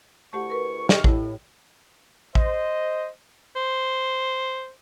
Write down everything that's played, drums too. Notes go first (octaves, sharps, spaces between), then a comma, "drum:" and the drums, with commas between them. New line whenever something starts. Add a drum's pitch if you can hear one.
D2 A3 E4 G4 F#5 C#6
A#4 B4
G4 D#5 E5 C#6 F6, drum: snare
A2 A3 E4, drum: kick A1
C5 D#5, drum: kick A1
C5